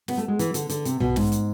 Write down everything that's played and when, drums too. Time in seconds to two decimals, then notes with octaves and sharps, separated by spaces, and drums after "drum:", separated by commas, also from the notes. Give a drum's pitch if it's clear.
0.08 B3, drum: snare
0.17 A3
0.28 G#3
0.39 E3, drum: hi-hat
0.54 D3, drum: hi-hat
0.69 D3, drum: hi-hat
0.85 C3, drum: hi-hat
1.00 B2, drum: tom B1
1.16 G#2, drum: snare
1.32 drum: hi-hat